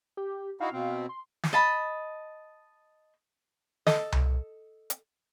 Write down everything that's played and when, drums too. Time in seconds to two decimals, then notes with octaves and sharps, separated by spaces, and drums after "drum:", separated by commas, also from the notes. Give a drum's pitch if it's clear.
0.17 G4
0.61 D#4 E4 F#4 F5
0.73 B2 C4
1.09 C6
1.43 drum: snare
1.53 D#5 A5 B5
3.87 A4 D#5, drum: snare
4.12 drum: tom C2
4.90 drum: hi-hat